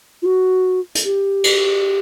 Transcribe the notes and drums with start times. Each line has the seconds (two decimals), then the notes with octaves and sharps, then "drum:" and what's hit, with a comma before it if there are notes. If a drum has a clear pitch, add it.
0.22 F4
0.26 F#4
0.95 drum: hi-hat
1.05 G4
1.44 drum: cymbal